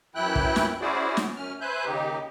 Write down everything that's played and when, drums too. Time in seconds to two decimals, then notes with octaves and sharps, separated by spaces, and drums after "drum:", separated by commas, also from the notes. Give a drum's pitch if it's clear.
0.15 F#2 E3 E4 G5 F#6
0.35 drum: kick
0.56 drum: snare
0.81 C#4 E4 F#4 G#4 C5 D5
1.17 drum: snare
1.37 F#2 C#4 F6
1.61 B4 C5 E5 G#5 F#6 G6
1.85 D#2 C#3 D#4 G4